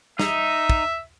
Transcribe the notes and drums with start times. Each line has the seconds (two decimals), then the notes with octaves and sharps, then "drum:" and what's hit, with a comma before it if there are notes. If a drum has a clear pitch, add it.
0.19 D#4 E5, drum: snare
0.70 drum: kick